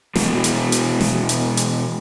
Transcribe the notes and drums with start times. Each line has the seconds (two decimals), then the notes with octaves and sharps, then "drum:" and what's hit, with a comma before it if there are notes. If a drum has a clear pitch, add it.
0.15 B2 E3 G#3, drum: snare
0.44 drum: hi-hat
0.72 drum: hi-hat
1.01 drum: snare
1.29 drum: hi-hat
1.57 drum: hi-hat